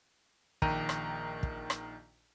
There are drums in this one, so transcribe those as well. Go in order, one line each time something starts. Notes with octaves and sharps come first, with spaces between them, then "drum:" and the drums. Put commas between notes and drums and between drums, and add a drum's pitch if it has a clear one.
A#1 D#3 G5 A#5 D#7, drum: kick
drum: rim click
drum: kick
drum: rim click